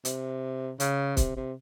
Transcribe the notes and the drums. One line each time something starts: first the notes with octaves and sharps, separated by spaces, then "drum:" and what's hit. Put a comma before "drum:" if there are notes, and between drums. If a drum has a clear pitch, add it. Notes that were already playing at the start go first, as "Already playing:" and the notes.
C3, drum: hi-hat
C#3, drum: hi-hat
C3, drum: kick, hi-hat
C3